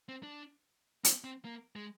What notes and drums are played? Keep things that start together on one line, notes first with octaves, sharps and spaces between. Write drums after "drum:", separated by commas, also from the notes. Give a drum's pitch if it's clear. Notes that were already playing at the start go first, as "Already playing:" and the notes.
C4
D4
C4, drum: hi-hat
C4
A#3
G#3